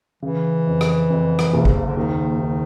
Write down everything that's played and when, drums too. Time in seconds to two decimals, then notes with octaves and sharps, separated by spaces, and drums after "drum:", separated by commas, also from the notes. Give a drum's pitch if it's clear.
0.22 C#3 E3
0.67 F2
0.81 drum: rim click
1.10 F2
1.39 drum: rim click
1.53 F#1
1.65 C3, drum: kick
1.77 C#3
1.86 D3
1.97 D#2 D#3
2.40 D#2